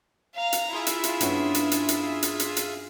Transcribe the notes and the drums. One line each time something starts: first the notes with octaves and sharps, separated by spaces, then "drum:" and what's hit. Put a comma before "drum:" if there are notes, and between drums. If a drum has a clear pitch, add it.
F5 A#5
drum: hi-hat
E4 F4 G#4 E5
drum: hi-hat
drum: hi-hat
G2 B3 C#4, drum: hi-hat
drum: hi-hat
drum: hi-hat
drum: hi-hat
drum: hi-hat
drum: hi-hat
drum: hi-hat